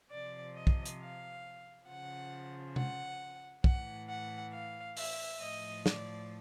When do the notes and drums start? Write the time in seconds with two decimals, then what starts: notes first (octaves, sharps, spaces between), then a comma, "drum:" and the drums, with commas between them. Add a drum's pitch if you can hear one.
0.10 C3 F3 D5
0.55 D#5
0.67 drum: kick
0.85 drum: hi-hat
1.00 F5
1.87 C#3 F3 F#5
2.76 F#5, drum: tom C3
3.64 A2 E3 F#5, drum: kick
4.09 F#5
4.53 F5
4.97 E5, drum: open hi-hat
5.41 A2 F3 D#5
5.86 D5, drum: snare